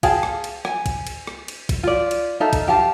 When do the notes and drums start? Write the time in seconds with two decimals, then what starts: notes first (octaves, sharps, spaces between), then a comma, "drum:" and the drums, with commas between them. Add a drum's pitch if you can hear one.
0.03 G#4 F5 G5 A5, drum: kick, cymbal
0.23 drum: rim click
0.44 drum: cymbal
0.65 G#5, drum: rim click
0.86 drum: kick, cymbal
1.07 drum: cymbal
1.27 drum: rim click
1.48 drum: cymbal
1.69 drum: kick, cymbal
1.83 F4 D5
2.11 drum: cymbal
2.40 D#4 A4 E5 F5
2.53 drum: kick, cymbal
2.68 G4 F5 A5